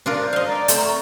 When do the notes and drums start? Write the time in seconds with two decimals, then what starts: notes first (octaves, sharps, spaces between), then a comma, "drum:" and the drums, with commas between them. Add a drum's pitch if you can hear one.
0.06 D4 F4 A#4 D5
0.19 C5
0.33 D#5 F5
0.47 D5 A#5
0.68 A3 C4, drum: hi-hat
0.85 C#6